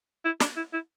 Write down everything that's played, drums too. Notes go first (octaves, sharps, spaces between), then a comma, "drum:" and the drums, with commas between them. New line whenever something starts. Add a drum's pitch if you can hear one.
E4
D4, drum: snare
E4
E4